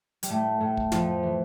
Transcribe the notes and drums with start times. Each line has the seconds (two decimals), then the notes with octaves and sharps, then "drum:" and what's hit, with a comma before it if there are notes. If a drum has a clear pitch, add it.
0.23 G3, drum: hi-hat
0.29 A2 A3
0.60 A2 A3
0.77 drum: kick
0.92 F2 F3, drum: snare
1.23 E3